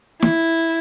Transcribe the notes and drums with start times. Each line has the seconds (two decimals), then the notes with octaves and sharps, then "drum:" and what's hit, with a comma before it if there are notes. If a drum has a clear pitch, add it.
0.22 E4, drum: snare